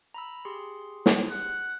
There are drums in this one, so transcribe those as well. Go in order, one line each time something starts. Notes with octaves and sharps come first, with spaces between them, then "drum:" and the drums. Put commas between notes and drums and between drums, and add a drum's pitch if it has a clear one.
A#5 B5 E6
G4 G#4 C6
drum: snare
F#5